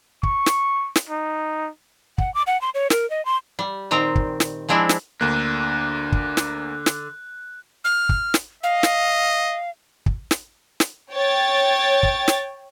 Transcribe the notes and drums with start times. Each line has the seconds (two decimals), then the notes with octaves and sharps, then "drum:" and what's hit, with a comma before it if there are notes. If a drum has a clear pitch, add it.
0.23 C#6, drum: kick
0.46 drum: snare
0.96 drum: snare
1.09 D#4
2.18 F#5, drum: kick
2.34 D6
2.47 F#5
2.61 C6
2.74 C#5
2.90 A#4, drum: snare
3.10 D#5
3.25 C6
3.59 G3
3.91 A#2 D#3 C4 A#5
4.15 drum: kick
4.40 drum: snare
4.69 F3 G#3 C4 D4 E4
4.89 drum: snare
5.21 D2 D3 A#3 F#6
6.12 drum: kick
6.37 drum: snare
6.86 drum: snare
7.85 F6
8.09 drum: kick
8.34 drum: snare
8.63 D#5 F5
8.83 drum: snare
10.06 drum: kick
10.31 drum: snare
10.80 drum: snare
11.11 C#5 G5 A6
12.03 drum: kick
12.28 drum: snare